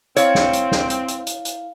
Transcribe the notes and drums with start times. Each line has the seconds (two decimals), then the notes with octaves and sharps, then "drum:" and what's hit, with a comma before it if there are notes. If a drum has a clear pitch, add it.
0.17 C4 E4 C#5 F5, drum: hi-hat
0.35 drum: snare
0.53 drum: hi-hat
0.72 drum: snare
0.90 drum: hi-hat
1.08 drum: hi-hat
1.27 drum: hi-hat
1.45 drum: hi-hat